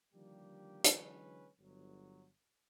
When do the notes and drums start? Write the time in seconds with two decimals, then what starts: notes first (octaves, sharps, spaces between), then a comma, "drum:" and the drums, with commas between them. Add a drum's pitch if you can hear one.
0.14 D3 D#3 F3 G3 A#3 G4
0.84 D3 E3 F#3 G#3 C#4 B4, drum: hi-hat
1.60 G1 F#3